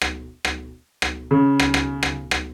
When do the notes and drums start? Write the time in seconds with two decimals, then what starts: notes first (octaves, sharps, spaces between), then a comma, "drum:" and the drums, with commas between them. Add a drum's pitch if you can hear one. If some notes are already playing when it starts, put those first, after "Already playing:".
0.01 drum: rim click
0.45 drum: rim click
1.02 drum: rim click
1.31 C#3
1.59 drum: rim click
1.74 drum: rim click
2.03 drum: rim click
2.31 drum: rim click